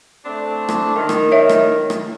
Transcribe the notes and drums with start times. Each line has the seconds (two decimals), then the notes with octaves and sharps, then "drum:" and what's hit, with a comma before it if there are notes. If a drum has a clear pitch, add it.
0.25 A3 C4 D4
0.69 drum: rim click
0.96 D#3
1.09 drum: rim click
1.32 C#5 E5
1.49 drum: rim click
1.90 drum: rim click